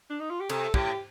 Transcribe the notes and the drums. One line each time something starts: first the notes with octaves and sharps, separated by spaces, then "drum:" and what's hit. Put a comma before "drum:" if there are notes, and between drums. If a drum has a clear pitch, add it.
D4
D#4
F4
G4
C3 A4, drum: cymbal
A2 G4, drum: kick